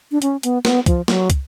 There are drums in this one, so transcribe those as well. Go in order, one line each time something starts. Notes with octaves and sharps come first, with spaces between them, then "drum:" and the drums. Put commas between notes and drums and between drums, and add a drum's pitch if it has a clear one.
D4
C#4, drum: hi-hat
B3, drum: hi-hat
B3, drum: snare
F3, drum: kick, hi-hat
F#3, drum: snare
drum: kick, hi-hat